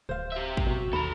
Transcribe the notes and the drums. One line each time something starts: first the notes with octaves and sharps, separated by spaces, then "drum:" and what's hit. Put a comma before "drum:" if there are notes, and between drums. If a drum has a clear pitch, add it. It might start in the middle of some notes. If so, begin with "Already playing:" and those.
D1 C5 F5
G4 E5
drum: kick
B2 F#4
D#2 A4 A#5 B5